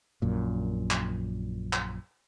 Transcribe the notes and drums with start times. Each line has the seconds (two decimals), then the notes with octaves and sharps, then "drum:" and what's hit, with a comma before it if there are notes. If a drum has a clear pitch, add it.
0.22 A#1 F#2 A#2
0.91 drum: clap
1.73 drum: clap